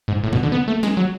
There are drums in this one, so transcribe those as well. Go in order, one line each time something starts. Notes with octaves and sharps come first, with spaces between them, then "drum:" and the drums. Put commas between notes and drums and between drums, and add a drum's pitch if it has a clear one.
G#2
A2
B2, drum: kick
D3
B3
A3
G#3, drum: snare
F#3